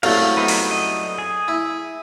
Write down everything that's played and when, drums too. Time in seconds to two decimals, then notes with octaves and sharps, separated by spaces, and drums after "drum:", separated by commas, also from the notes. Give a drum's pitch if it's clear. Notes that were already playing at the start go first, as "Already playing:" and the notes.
0.03 C2 F#2 A3 F5, drum: cymbal
0.37 B3 D#4 B4
0.48 drum: open hi-hat
0.71 D#5
1.18 G#4
1.48 E4